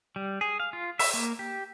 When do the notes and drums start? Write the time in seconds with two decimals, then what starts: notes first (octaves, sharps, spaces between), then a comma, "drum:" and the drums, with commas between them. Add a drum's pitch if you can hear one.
0.16 G3
0.41 G#4
0.60 F5
0.73 F4
0.99 E5, drum: open hi-hat
1.14 A#3
1.39 G4